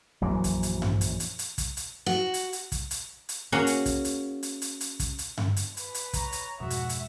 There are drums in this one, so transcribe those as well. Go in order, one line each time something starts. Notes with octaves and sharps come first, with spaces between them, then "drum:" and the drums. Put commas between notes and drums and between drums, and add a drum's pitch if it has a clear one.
A#1 F#2 E3 F#3
drum: kick, hi-hat
drum: hi-hat
drum: tom G2
drum: hi-hat
drum: hi-hat
drum: hi-hat
drum: kick, hi-hat
drum: hi-hat
F#4
drum: hi-hat
drum: hi-hat
drum: kick, hi-hat
drum: hi-hat
drum: hi-hat
A#3 C#4 F#4 G#4 F#5
drum: hi-hat
drum: kick, hi-hat
drum: hi-hat
drum: hi-hat
drum: hi-hat
drum: hi-hat
drum: kick, hi-hat
drum: hi-hat
drum: tom G2
drum: hi-hat
B4, drum: hi-hat
drum: hi-hat
C#5 A#5, drum: kick, hi-hat
drum: hi-hat
F2 G#2 B2 F#4 E5
drum: hi-hat
drum: hi-hat